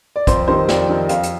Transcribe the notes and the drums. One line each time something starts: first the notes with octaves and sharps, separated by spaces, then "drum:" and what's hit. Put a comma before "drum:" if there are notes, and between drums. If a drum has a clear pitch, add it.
D5
F2 C5, drum: kick, hi-hat
D#3 G3 C4 C5
F2 D5, drum: snare
D#3 G3 C4
F2 F5, drum: hi-hat
drum: hi-hat